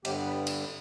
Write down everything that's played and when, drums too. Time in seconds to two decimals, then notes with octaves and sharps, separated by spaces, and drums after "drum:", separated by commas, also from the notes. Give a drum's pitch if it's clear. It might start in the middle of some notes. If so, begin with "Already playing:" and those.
0.05 G2 D3 G3 B3 G4, drum: cymbal
0.26 B4
0.47 drum: cymbal